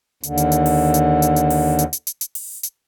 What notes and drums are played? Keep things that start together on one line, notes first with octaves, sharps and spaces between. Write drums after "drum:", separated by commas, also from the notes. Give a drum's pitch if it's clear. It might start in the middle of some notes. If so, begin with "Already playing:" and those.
D#2 D3, drum: hi-hat
drum: hi-hat
drum: hi-hat
drum: open hi-hat
drum: hi-hat
drum: hi-hat
drum: hi-hat
drum: open hi-hat
drum: hi-hat
drum: hi-hat
drum: hi-hat
drum: hi-hat
drum: open hi-hat
drum: hi-hat